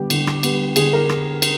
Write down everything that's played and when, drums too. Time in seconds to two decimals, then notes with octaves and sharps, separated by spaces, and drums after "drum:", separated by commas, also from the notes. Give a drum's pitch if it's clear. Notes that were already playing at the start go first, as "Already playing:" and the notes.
Already playing: D3 G3 B3 G4
0.10 D3, drum: cymbal
0.27 drum: rim click
0.43 G3 B3, drum: cymbal
0.76 D3 G#4, drum: cymbal
0.93 A#4
1.09 drum: rim click
1.42 drum: cymbal